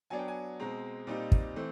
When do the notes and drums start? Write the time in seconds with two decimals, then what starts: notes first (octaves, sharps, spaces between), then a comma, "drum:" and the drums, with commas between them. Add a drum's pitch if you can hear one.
0.10 F#3 B3 D4 G#5
0.19 G5
0.28 G#5
0.59 B2 G#3 C4 A#5
1.07 A#2 G3 C4 D#4
1.32 drum: kick
1.56 E3 A3 C4